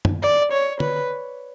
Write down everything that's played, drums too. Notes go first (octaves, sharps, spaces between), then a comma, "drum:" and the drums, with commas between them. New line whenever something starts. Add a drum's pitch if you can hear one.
drum: tom
D5
C#5
B4, drum: tom D3